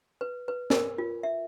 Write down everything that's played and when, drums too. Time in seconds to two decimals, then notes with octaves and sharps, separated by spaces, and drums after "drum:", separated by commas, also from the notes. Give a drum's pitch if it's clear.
0.21 B4
0.48 B4
0.70 A#4, drum: snare
0.98 F4
1.23 E5